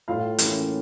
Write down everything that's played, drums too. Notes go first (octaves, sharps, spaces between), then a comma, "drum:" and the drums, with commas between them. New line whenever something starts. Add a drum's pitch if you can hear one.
A2 F4 F5
E3 A#3 C#4, drum: hi-hat